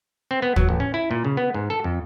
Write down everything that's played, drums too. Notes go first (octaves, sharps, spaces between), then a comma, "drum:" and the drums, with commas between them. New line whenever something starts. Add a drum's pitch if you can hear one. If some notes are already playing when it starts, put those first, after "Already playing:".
C4
B3
F#3, drum: kick
A1
C#4
E4
A#2
C#3
B3
G#2
A4
F2